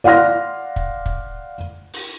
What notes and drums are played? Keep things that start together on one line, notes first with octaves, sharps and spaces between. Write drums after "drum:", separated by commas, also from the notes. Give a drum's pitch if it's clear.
D5 F5 F#5 C6 F6 A#6
drum: kick
drum: kick
drum: open hi-hat